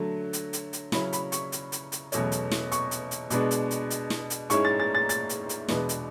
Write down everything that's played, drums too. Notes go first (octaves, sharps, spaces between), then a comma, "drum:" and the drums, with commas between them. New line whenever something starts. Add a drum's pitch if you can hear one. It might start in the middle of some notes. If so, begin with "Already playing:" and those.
Already playing: D3 F#3 A3
drum: hi-hat
drum: hi-hat
drum: hi-hat
C#3 F#3 C#4 E4 B5, drum: snare
B5, drum: hi-hat
C#6, drum: hi-hat
drum: hi-hat
drum: hi-hat
drum: hi-hat
E2 B2 F#3 A3 C#4, drum: hi-hat
drum: hi-hat
drum: snare
C#6, drum: hi-hat
drum: hi-hat
drum: hi-hat
B2 G#3 B3 D4, drum: hi-hat
drum: hi-hat
drum: hi-hat
drum: hi-hat
drum: snare
drum: hi-hat
G#2 G#3 C#4 E4 C#6, drum: hi-hat
A6
A6
A6
A6, drum: hi-hat
drum: hi-hat
drum: hi-hat
E2 B2 G#3 B3 D4, drum: snare
drum: hi-hat